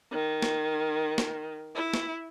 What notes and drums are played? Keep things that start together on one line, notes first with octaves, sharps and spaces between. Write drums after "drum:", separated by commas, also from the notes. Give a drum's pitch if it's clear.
D#3
drum: snare
drum: snare
E4
drum: snare